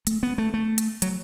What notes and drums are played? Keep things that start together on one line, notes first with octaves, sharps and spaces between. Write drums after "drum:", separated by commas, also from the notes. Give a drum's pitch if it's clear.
A3, drum: hi-hat
B3
A3
A3
drum: hi-hat
F#3, drum: hi-hat